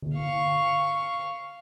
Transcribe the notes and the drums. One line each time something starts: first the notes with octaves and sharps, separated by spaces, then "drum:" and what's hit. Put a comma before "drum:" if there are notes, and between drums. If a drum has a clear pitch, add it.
drum: tom D3
F5 C#6